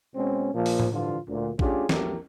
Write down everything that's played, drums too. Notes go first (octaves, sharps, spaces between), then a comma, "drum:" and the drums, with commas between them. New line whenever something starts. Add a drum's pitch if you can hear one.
B2 G#3 C4 C#4
A#2 F3
drum: open hi-hat
drum: tom A2
G2 D3 E3 F3 F4
D2 A#2
A3 C#4 D4 F4 G4 G#4, drum: kick
A#1 E2 F#3 A3 G4 A#4, drum: snare